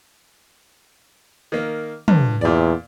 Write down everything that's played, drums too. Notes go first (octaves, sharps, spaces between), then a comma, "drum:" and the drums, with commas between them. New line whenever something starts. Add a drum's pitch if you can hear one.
D#3 A#3
G2, drum: tom
E2 A#2 D5